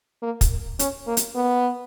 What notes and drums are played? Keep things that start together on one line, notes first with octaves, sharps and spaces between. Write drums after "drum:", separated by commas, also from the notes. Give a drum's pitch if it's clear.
A#3
drum: kick, hi-hat
C#4, drum: hi-hat
A#3
drum: hi-hat
B3